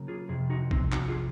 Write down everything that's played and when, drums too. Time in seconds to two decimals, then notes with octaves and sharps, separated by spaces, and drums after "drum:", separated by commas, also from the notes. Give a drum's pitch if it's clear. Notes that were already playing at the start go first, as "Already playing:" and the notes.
Already playing: C#3 F#3 A#3
0.08 F4 G#4
0.29 F2 C3 G#4
0.50 D#4 F#4
0.71 C4 D#4, drum: kick A#1
0.92 D#4 F#4, drum: clap
1.08 F4 G#4